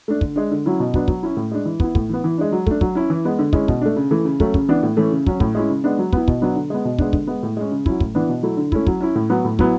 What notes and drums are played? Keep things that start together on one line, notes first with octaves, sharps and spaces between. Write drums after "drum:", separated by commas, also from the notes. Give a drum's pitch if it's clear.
A3 D4
D3, drum: kick
G#3 D4
D3
F#3 C#4 E4
B2
F#3 B3 D4, drum: kick
F#3, drum: kick
C#4 E4
A2
G#3 D4
E3
B3 E4, drum: kick
A2, drum: kick
E3 B3
E3
G#3 D4
F#3
A3 D4, drum: kick
F#3, drum: kick
C#4 E4
E3
G#3 B3
D3
G#3 C#4 E4, drum: kick
B2, drum: kick
A3 D4
C#3
E3 A3
C#3
F#3 A3 C#4, drum: kick
C#3, drum: kick
E3 B3 D4
A2
E3 A3 C#4
C#3
F#3 C#4, drum: kick
A2, drum: kick
G#3 C#4 E4
C#3
G#3 B3 D4
F#3
B3 E4, drum: kick
B2, drum: kick
F#3 B3 D4
D3
G#3 B3
B2
G#3 B3 D4, drum: kick
D3, drum: kick
G#3 B3
A2
G#3 C#4
C#3
F#3 C#4 E4, drum: kick
A2, drum: kick
E3 B3 D4
B2
F#3 A3 E4
D3
A3 C#4 E4, drum: kick
F#3, drum: kick
C#4 E4
A2
F#3 B3
A2
F#3 B3 E4, drum: kick